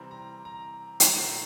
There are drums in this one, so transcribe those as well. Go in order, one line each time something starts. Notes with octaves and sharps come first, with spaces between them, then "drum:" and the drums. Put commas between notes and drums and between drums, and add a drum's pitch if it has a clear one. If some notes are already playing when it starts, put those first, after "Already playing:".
Already playing: C3 E3 G3 C4 A#5
A#5
A#5
drum: hi-hat
A#2 F3 A3 A#5